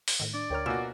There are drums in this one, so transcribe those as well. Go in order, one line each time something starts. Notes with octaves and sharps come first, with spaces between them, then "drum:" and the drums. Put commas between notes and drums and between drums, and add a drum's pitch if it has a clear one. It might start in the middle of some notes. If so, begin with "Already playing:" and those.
drum: open hi-hat
A2 D#3
D4 D5
D2 A#4 C#5 G5 F6
B2 A#3 F4 F#4 F#5 G#5 E6 F6